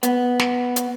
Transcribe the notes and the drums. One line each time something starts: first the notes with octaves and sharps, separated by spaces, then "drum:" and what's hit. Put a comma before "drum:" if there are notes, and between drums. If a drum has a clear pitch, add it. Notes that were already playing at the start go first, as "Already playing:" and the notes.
B3, drum: hi-hat
drum: snare
drum: hi-hat